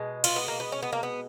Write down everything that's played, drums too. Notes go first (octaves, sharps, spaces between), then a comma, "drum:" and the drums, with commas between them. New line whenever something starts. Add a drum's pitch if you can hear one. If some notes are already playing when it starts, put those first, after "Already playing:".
Already playing: B2 G#3
F4, drum: cymbal
B3
A#3
B3
C#4
B3
A#3
B3